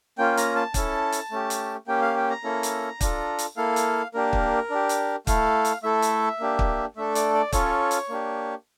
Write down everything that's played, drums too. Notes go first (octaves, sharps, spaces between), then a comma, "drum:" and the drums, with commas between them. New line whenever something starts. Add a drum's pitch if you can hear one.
A#3 C#4 F4 G5
A#5, drum: hi-hat
A5
C#4 E4 A4, drum: kick, hi-hat
drum: hi-hat
A3 C#4 G4
drum: hi-hat
A#3 C#4 G4 G5
F5
G5
A#5
A#3 C#4 E4 A4
drum: hi-hat
D4 F4 A4, drum: kick, hi-hat
drum: hi-hat
A#3 E4 A4 F5
drum: hi-hat
A#3 D4 G4 A#4
drum: kick
D4 G4
drum: hi-hat
A3 E4 A4 F5, drum: kick, hi-hat
drum: hi-hat
A3 E4 A4 E5
drum: hi-hat
A#3 D4 G4
drum: kick
A3 D4 A4 E5
D5, drum: hi-hat
D5
C#4 F4 A4 C#5, drum: kick, hi-hat
drum: hi-hat
A#3 D4 G4